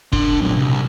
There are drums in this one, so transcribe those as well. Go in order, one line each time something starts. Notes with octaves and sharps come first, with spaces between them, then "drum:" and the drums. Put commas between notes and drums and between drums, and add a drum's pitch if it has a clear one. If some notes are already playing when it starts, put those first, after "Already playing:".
D4 C6, drum: kick
A#2 F#3
C2